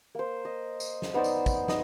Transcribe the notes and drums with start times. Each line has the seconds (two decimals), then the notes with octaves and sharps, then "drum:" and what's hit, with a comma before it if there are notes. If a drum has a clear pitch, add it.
0.15 A#3 C5
0.45 D#5
0.80 drum: tambourine
1.02 drum: snare
1.14 B3 D#4 C5 D5
1.24 drum: tambourine
1.46 drum: kick, tambourine
1.68 D#4 D#5, drum: snare